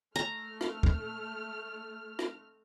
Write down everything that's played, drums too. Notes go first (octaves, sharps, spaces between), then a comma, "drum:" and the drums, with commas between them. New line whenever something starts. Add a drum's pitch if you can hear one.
A3 A#5 F6
drum: rim click
drum: kick
drum: rim click